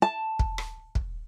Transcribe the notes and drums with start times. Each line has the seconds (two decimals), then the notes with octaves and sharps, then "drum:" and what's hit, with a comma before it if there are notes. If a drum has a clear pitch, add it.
0.02 A5
0.39 drum: kick
0.58 drum: rim click
0.95 drum: kick